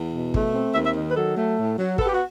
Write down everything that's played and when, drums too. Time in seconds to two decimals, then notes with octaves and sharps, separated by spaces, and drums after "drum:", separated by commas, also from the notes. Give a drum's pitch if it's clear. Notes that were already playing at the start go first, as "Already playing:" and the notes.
Already playing: E2
0.14 B2
0.34 A3, drum: kick G#1
0.55 C4
0.75 D#2 E5
0.85 E5
0.96 D#3
1.11 B4
1.16 F#3 A4
1.37 A3
1.58 A2
1.78 F#3
1.98 B3 A4, drum: kick G#1
2.06 G4
2.14 F#4